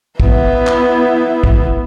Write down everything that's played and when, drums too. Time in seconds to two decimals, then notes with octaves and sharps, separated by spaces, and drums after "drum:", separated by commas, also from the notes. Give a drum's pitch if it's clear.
0.20 B3 E4, drum: kick
0.67 drum: clap
1.44 drum: kick